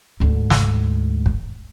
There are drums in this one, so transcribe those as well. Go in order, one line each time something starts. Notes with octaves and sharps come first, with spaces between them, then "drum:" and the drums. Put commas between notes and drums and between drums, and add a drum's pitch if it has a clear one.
D2 G#2
drum: snare
drum: kick